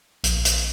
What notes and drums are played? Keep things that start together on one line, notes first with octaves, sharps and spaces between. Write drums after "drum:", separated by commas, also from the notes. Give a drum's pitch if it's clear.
A#1, drum: hi-hat
drum: hi-hat